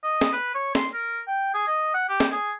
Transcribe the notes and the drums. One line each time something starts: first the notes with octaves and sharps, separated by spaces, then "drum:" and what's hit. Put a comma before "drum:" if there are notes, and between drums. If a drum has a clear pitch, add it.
D#5
drum: snare
B4
C#5
C6, drum: snare
A#4
G5
G#4
D#5
F#5
G4
drum: snare
G#4